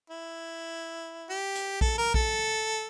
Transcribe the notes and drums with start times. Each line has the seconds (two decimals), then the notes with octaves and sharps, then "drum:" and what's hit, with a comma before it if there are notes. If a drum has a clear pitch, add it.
0.10 E4
1.30 G4
1.55 drum: hi-hat
1.81 A4, drum: kick A#1
1.98 A#4
2.14 A4, drum: kick A#1